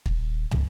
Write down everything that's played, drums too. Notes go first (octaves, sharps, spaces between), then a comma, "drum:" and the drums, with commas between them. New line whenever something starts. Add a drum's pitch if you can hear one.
D#1, drum: kick
drum: tom